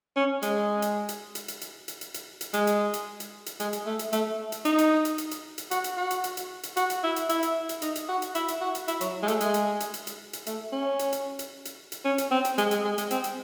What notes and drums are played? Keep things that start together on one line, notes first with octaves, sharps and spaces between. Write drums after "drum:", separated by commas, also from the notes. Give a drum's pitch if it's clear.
C#4
G#3, drum: hi-hat
drum: hi-hat
drum: hi-hat
drum: hi-hat
drum: hi-hat
drum: hi-hat
drum: hi-hat
drum: hi-hat
drum: hi-hat
drum: hi-hat
G#3, drum: hi-hat
drum: hi-hat
drum: hi-hat
drum: hi-hat
drum: hi-hat
G#3, drum: hi-hat
drum: hi-hat
A3
drum: hi-hat
A3, drum: hi-hat
drum: hi-hat
D#4, drum: hi-hat
drum: hi-hat
drum: hi-hat
drum: hi-hat
drum: hi-hat
drum: hi-hat
F#4, drum: hi-hat
drum: hi-hat
F#4
drum: hi-hat
drum: hi-hat
drum: hi-hat
drum: hi-hat
F#4, drum: hi-hat
drum: hi-hat
E4
drum: hi-hat
E4, drum: hi-hat
drum: hi-hat
drum: hi-hat
D#4, drum: hi-hat
drum: hi-hat
F#4
drum: hi-hat
E4, drum: hi-hat
drum: hi-hat
F#4
drum: hi-hat
E4, drum: hi-hat
F#3, drum: hi-hat
G#3
A3, drum: hi-hat
G#3, drum: hi-hat
drum: hi-hat
drum: hi-hat
drum: hi-hat
drum: hi-hat
drum: hi-hat
A3, drum: hi-hat
C#4
drum: hi-hat
drum: hi-hat
drum: hi-hat
drum: hi-hat
drum: hi-hat
C#4
drum: hi-hat
C4
drum: hi-hat
G#3, drum: hi-hat
G#3, drum: hi-hat
G#3
G#3, drum: hi-hat
C4, drum: hi-hat
drum: hi-hat